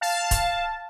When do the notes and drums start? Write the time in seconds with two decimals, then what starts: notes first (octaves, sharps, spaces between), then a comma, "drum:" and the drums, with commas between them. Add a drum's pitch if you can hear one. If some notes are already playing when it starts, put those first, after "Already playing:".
0.01 F5 A5
0.31 drum: kick, hi-hat